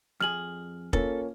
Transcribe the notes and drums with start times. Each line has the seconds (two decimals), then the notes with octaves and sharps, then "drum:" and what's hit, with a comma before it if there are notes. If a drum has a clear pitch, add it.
0.20 F2 G#4 F6 F#7
0.93 A#3 C#4 F4 A4, drum: kick